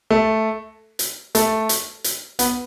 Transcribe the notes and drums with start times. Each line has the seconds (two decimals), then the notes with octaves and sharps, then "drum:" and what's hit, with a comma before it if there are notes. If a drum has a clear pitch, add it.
0.10 A3
0.99 drum: hi-hat
1.35 A3, drum: hi-hat
1.69 drum: hi-hat
2.04 drum: hi-hat
2.39 B3, drum: hi-hat